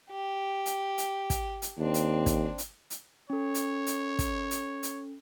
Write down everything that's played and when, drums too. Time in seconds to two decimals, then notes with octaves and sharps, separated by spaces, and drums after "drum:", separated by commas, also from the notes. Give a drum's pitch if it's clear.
0.11 G4
0.66 drum: hi-hat
0.98 drum: hi-hat
1.30 drum: kick, hi-hat
1.62 drum: hi-hat
1.78 D#2 C4 D4
1.94 drum: hi-hat
2.26 drum: kick, hi-hat
2.58 drum: hi-hat
2.90 drum: hi-hat
3.30 C#4 A4 C#5
3.54 drum: hi-hat
3.87 drum: hi-hat
4.19 drum: kick, hi-hat
4.51 drum: hi-hat
4.83 drum: hi-hat